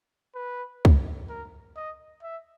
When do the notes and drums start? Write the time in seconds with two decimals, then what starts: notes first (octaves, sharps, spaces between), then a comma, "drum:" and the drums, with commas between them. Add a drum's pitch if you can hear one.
0.35 B4
0.85 drum: kick C#2
1.29 A#4
1.76 D#5
2.23 E5